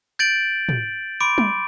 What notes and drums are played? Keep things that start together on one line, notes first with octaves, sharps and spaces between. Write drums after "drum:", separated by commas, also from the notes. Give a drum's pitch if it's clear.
G6 A6 D7 F#7
drum: tom
B5 C6 D6 D7
drum: tom